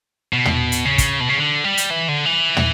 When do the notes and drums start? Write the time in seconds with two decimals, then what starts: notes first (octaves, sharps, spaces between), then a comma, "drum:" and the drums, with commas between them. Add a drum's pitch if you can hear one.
0.33 B2
0.45 drum: tom
0.72 drum: hi-hat
0.85 C#3
0.98 drum: kick, hi-hat
1.20 B2
1.29 C#3
1.38 D3
1.64 G3
1.77 drum: hi-hat
1.90 E3
2.08 D3
2.25 E3
2.57 drum: tom